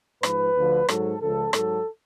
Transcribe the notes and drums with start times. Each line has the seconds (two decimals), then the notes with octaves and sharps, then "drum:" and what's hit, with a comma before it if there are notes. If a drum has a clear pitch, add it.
0.23 G#2 F3 B4, drum: rim click
0.56 D2 D3 F3
0.89 G#2 F#3 A4, drum: rim click
1.20 C#2 C#3 F3 A4
1.53 G#2 F#3 A4, drum: rim click